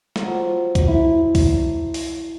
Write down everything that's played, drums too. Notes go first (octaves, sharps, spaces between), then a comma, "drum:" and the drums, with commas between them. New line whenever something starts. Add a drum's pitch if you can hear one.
F3 F#3, drum: snare
drum: kick C2, hi-hat
E4
drum: kick C2, open hi-hat
drum: open hi-hat